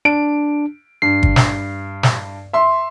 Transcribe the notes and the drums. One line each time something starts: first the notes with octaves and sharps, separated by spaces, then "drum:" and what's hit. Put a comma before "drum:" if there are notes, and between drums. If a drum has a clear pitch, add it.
D4 D7
G2 C7
drum: kick G1
drum: snare
drum: snare
E5 C6